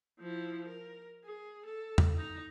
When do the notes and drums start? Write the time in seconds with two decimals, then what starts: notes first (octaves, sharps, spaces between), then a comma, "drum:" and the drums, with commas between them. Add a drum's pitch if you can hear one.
0.20 F3 E4
0.68 A#4
1.25 G#4
1.66 A4
1.98 drum: tom
2.17 D#4 A#5